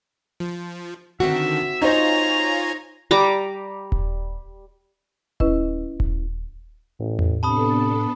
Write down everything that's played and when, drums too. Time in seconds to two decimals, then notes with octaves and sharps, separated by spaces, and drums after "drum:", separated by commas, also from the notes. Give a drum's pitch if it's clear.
0.40 F3
1.20 D3 D#3 C4 F#4 E5
1.82 D#4 F4 C5 C#5 G#5 A#5
3.11 G3 A#5 D6
3.92 drum: kick D#1
5.40 C#4 E4 B4 D#5, drum: kick D#1
6.00 drum: kick D#1
7.00 A1 A2
7.19 drum: tom E2
7.43 C3 B3 D4 A4 A5 B5 D#6